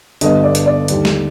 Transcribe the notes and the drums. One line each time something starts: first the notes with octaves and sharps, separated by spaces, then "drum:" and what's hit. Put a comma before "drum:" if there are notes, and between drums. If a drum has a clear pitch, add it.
G1 G2 D3 G3 B3 D#5, drum: hi-hat
D5
drum: hi-hat
D5
D#2 D3 G3, drum: hi-hat
drum: snare